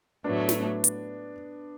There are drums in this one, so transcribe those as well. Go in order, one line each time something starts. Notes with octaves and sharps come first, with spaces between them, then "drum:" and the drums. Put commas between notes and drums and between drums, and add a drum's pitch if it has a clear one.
A2 F#3 A3 B3 D4
drum: snare
drum: hi-hat